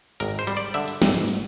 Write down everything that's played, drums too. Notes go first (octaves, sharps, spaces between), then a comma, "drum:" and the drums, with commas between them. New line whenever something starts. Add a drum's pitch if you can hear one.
G#1 A#4, drum: hi-hat
C5
G3, drum: hi-hat
D5
D3 E5, drum: hi-hat
drum: hi-hat
G#1, drum: snare
drum: hi-hat
drum: hi-hat